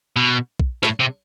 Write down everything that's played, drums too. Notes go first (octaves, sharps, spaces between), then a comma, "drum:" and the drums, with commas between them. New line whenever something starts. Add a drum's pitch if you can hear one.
B2
drum: kick
A2, drum: rim click
C3